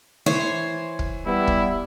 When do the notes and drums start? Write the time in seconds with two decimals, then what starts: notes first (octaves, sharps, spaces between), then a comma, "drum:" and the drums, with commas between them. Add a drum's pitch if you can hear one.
0.26 E3 C5 C#5
0.99 drum: kick
1.26 G3 B3 E4
1.47 drum: kick